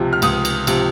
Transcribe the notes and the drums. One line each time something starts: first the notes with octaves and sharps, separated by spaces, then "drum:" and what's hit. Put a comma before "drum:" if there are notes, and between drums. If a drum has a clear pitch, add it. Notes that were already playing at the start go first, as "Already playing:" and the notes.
Already playing: C#2 C3 F3
F6
C#2 D#6, drum: cymbal
drum: cymbal
C3 F3, drum: cymbal